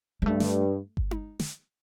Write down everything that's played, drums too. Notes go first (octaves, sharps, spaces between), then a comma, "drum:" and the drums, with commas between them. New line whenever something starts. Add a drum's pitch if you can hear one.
G#3
G2 A3
drum: snare
drum: kick G1
drum: tom D#4
drum: snare